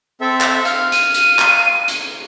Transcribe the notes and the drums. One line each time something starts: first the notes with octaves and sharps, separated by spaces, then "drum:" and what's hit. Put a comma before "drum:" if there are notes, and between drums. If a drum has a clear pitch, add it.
C4 A4 E5
drum: clap
F5, drum: hi-hat
D#7, drum: hi-hat
drum: hi-hat
drum: clap
drum: hi-hat